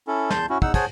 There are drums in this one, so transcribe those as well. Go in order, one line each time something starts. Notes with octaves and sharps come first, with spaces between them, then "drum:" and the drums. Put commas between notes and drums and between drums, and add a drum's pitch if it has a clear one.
C#4 E4 A4
E2 A5 C6 G6, drum: snare
C#4 E4 F#4
E2 D#4 F#5 E6, drum: kick
G#4 C5 C#5 F#5 G#5 A5, drum: kick, cymbal